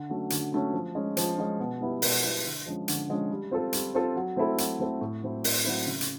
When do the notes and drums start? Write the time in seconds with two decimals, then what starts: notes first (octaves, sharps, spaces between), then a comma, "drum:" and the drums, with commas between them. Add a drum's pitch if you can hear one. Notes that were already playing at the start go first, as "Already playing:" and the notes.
Already playing: D3
0.09 F#3 A3 C#4
0.30 D3, drum: hi-hat
0.52 F#3 A3 C#4
0.73 F3
0.95 G#3 C#4
1.17 F3, drum: hi-hat
1.37 G#3 C#4
1.60 B2
1.81 G3 B3 E4
2.02 B2, drum: open hi-hat
2.23 G3 B3 E4
2.45 D3
2.66 F3 G#3 C#4
2.88 D3, drum: hi-hat
3.09 F3 G#3 C#4
3.31 G3
3.51 C4 F4 A4
3.73 G3, drum: hi-hat
3.95 C4 F4 A4
4.16 F#3
4.36 A3 C4 E4 A4
4.58 F#3, drum: hi-hat
4.79 A3 C4 E4 A4
5.01 A2
5.23 F#3 A3 C4 E4
5.44 A2, drum: open hi-hat
5.65 F#3 A3 C4 E4
5.86 C#3
6.01 drum: hi-hat